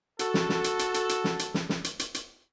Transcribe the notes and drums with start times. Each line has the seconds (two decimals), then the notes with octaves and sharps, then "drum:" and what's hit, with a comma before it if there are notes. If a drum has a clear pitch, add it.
0.19 F#4 A4, drum: hi-hat
0.34 drum: snare
0.49 drum: snare
0.64 drum: hi-hat
0.79 drum: hi-hat
0.94 drum: hi-hat
1.09 drum: hi-hat
1.24 drum: snare
1.39 drum: hi-hat
1.54 drum: snare
1.69 drum: snare
1.84 drum: hi-hat
1.99 drum: hi-hat
2.14 drum: hi-hat